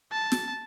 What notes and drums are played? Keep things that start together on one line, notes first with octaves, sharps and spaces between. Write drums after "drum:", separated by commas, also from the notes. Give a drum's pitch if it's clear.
A5
drum: snare